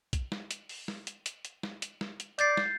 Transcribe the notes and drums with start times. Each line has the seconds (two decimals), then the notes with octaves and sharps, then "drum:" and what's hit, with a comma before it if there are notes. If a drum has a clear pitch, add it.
0.13 drum: kick B1, hi-hat
0.32 drum: snare
0.51 drum: hi-hat
0.69 drum: open hi-hat
0.88 drum: snare
1.07 drum: hi-hat
1.26 drum: hi-hat
1.45 drum: hi-hat
1.63 drum: snare
1.82 drum: hi-hat
2.01 drum: snare
2.20 drum: hi-hat
2.39 D5 G6 A6 C7, drum: hi-hat
2.57 drum: snare